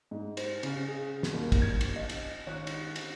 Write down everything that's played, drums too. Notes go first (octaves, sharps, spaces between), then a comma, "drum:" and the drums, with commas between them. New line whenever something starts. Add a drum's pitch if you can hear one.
G#2
C5, drum: cymbal
C#3, drum: cymbal
G#4
drum: snare
D#2
drum: kick, cymbal
G#6
drum: cymbal
D#5
drum: cymbal
G#2 D#3 C#4 D#4 F4 C#5 F#6
drum: cymbal
drum: cymbal